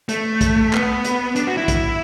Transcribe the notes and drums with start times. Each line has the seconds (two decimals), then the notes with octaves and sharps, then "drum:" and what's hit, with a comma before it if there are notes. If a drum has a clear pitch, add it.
0.09 A3, drum: hi-hat
0.41 drum: kick, hi-hat
0.73 B3, drum: clap
1.04 drum: hi-hat
1.36 D4, drum: hi-hat
1.47 F#4
1.57 E4
1.68 drum: kick, hi-hat